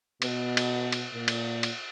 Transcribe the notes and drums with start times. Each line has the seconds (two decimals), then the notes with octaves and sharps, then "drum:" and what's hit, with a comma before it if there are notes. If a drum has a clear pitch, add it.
0.22 B2, drum: cymbal
0.57 drum: cymbal
0.92 drum: cymbal
1.14 A#2
1.28 drum: cymbal
1.63 drum: cymbal